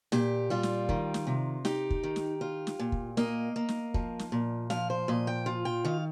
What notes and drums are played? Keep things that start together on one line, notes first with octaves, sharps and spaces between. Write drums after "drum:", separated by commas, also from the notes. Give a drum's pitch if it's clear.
A#2 G4, drum: snare
G3 F4
drum: snare
D#3, drum: kick
drum: snare
C3
D#4 G4, drum: snare
drum: kick
D#3
drum: snare
F4
drum: snare
A#2
drum: kick
A#3 D#5, drum: snare
A#3
drum: snare
F3, drum: kick
drum: snare
A#2
F3 F5, drum: snare
C5
A#2 D#5
G5
F4
G5
D#3 F5